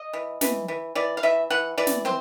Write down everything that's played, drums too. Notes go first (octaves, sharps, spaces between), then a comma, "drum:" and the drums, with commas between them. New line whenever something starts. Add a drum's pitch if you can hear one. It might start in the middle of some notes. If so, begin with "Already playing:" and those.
Already playing: D#5
E3
E3, drum: snare
E3
E3 D5
F5
E3 E5
E3 F#5
E3 D5
drum: snare
C4 C5